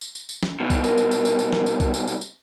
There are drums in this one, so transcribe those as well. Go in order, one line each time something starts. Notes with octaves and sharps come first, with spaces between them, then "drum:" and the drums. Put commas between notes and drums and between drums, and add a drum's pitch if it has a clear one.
drum: tambourine
drum: tambourine
drum: tambourine
drum: snare
C2 B2
drum: kick C2, tambourine
A#4, drum: tambourine
drum: tambourine
drum: tambourine
drum: tambourine
drum: tambourine
drum: snare
drum: tambourine
drum: kick C2, tambourine
drum: tambourine
drum: tambourine
drum: tambourine